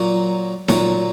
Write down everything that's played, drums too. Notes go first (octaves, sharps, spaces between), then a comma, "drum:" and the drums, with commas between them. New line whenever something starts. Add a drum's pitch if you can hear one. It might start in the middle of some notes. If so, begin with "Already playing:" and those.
Already playing: A#2 F#3 A#3
A#2 F#3 A#3, drum: snare D#4